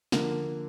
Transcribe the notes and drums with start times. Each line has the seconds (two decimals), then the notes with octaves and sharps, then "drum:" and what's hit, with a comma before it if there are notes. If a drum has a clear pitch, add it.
0.12 D3 F3 A#3, drum: snare